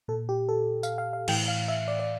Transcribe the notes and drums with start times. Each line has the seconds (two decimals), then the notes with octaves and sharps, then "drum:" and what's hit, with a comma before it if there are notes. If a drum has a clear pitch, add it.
0.08 A#2 A4
0.29 G4
0.49 A4
0.83 F5, drum: tambourine
0.98 F5
1.13 F5
1.28 A2 E3 G5, drum: cymbal
1.48 F5
1.68 E5
1.88 D5
1.99 D5